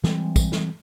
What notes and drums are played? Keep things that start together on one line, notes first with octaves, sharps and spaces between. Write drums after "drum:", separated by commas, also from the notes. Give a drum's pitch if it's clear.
E3 G3 G#3 C4, drum: snare
drum: kick, tambourine
drum: snare